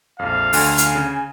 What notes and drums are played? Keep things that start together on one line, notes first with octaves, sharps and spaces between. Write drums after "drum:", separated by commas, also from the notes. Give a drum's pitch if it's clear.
A#1 F2 F5
D2 D3 G#5, drum: open hi-hat
drum: hi-hat
C#3